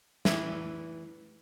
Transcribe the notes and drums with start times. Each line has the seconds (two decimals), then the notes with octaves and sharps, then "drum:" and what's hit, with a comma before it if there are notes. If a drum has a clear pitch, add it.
0.25 E3, drum: snare